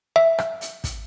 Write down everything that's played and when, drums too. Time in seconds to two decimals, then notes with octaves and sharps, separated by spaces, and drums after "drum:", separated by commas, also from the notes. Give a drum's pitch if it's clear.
0.16 E5
0.38 drum: rim click
0.61 drum: hi-hat
0.84 drum: kick, hi-hat